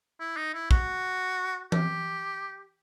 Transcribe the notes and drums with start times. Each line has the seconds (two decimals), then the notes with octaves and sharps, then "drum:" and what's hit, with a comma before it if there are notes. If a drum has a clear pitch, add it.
0.20 E4
0.37 D#4
0.54 E4
0.71 F#4, drum: kick
1.72 G4, drum: tom E3